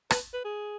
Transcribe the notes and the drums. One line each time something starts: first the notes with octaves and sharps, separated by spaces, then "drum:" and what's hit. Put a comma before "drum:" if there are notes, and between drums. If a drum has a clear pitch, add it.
B4, drum: rim click
B4
G#4